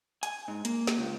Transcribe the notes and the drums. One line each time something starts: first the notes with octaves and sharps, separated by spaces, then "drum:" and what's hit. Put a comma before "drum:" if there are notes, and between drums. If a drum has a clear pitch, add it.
G#5, drum: hi-hat
G#2
A#3, drum: hi-hat
drum: snare
C#2